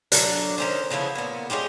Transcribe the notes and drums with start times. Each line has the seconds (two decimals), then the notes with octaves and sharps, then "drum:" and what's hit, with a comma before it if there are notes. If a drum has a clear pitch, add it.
0.12 D3 F#3 D4, drum: hi-hat
0.58 D#3 C#4 C5
0.90 C#3 F3 B3 E4
1.15 A#2 B3
1.50 G#3 C#4 F4 G4